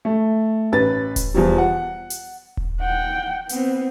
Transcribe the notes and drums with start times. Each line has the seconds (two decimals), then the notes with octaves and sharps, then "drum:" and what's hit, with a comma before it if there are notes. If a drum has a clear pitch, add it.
0.05 A3
0.72 A1 B4 A6
1.16 drum: kick D#1, hi-hat
1.34 E2 F3 G3
1.58 F#5
2.10 drum: hi-hat
2.57 drum: kick D#1
2.81 F#5 G5
3.49 B3 C4, drum: hi-hat